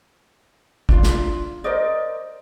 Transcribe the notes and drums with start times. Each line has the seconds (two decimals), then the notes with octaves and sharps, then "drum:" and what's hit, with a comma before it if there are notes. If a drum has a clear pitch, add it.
0.89 D4 F4, drum: kick
1.03 drum: snare
1.64 A#4 C5 D5 D#5